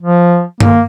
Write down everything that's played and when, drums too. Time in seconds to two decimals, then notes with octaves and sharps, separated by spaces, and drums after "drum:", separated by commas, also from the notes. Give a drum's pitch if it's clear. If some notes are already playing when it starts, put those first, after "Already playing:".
0.02 F3
0.60 A#3, drum: tom G2